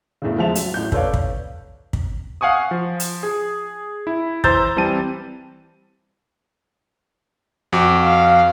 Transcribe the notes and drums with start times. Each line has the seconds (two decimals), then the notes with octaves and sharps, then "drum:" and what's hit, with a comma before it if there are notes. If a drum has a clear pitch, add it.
0.22 E2 A2 C#3
0.38 F3 G#3 E5 A5 F7
0.55 F#3, drum: hi-hat
0.74 A1 G6
0.92 A4 B4 C#5 D5 F5, drum: kick
1.14 drum: kick
1.93 drum: kick
2.41 F5 F#5 G#5 C#6 D#6
2.71 F3
3.00 drum: hi-hat
3.23 G#4
4.07 E4
4.44 E3 C5 A#5 E6 G6 A6, drum: kick
4.76 E3 G3 C4 A5 D#7
7.72 F2 F#4 D6
8.03 F5